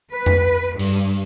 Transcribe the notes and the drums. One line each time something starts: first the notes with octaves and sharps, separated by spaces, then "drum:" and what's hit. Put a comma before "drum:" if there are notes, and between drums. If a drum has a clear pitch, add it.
B4
drum: tom F2
G2, drum: open hi-hat